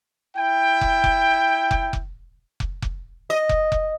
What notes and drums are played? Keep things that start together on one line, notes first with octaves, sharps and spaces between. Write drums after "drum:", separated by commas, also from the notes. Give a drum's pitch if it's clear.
E4 G5
drum: kick
drum: kick
drum: kick
drum: kick
drum: kick
drum: kick
D#5
drum: kick
drum: kick